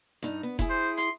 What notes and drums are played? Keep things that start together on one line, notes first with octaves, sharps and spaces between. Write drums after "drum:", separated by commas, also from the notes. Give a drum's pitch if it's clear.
G2 D#4, drum: hi-hat
B3
E4 G#4, drum: kick F1, hi-hat
C5
C6, drum: hi-hat